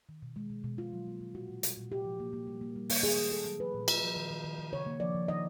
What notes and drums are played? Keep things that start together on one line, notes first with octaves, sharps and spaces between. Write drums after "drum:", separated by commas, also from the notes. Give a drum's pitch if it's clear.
D#3
B2
G#3
B2
B2
B2 F4
F#3
A#3
B2
A#2 F#4
A#2
G3, drum: hi-hat
A#2
C3 G4
F3
A#3
A#3
G3
A#3
G3
A#3, drum: open hi-hat
D#3 G#4
D#3
A#3 A4
F#3
F3 B4
A#2
A#2, drum: cymbal
F3
D#3
D#3
D#3
D#3
C#3 C#5
A#3
F3 D5
F3
D#3 D#5